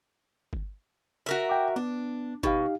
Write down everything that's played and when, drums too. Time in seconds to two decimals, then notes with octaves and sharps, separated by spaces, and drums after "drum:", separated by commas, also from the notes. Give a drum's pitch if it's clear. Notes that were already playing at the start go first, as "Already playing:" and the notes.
0.53 drum: kick G1
1.26 F#4 A#4 E5
1.49 G5 D6
1.76 B3 D4
2.43 B2 D#4 G4 F5, drum: kick G1